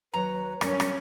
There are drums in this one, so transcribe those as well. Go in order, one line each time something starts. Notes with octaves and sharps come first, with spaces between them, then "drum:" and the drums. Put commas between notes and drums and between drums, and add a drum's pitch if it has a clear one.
D#2 F#3 B4 C#5 A#5
G2 F#3 C#4 A#4, drum: rim click
drum: rim click